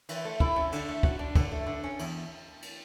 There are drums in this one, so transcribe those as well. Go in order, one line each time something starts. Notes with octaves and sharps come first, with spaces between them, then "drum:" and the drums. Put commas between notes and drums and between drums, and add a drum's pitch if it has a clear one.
E3, drum: cymbal
A3
E4, drum: kick
C#4
D3, drum: cymbal
A3
F#4, drum: kick
D4
D3, drum: kick, cymbal
A3
D3
C#4
E2, drum: cymbal
drum: cymbal